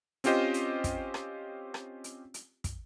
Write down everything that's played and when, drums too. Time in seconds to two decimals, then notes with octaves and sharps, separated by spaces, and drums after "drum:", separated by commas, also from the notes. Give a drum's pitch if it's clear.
0.24 C4 C#4 F4 G4 C5 D#5, drum: hi-hat
0.54 drum: hi-hat
0.84 drum: kick, hi-hat
1.14 drum: rim click
1.74 drum: rim click
2.04 drum: hi-hat
2.34 drum: hi-hat
2.64 drum: kick, hi-hat